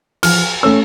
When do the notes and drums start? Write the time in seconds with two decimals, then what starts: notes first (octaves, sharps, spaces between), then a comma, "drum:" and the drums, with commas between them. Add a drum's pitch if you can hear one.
0.23 F3 F6, drum: cymbal
0.63 A3 C#4 E6